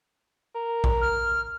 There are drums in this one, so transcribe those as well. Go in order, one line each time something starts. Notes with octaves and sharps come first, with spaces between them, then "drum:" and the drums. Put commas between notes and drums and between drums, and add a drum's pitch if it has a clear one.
A#4
drum: kick B1
F6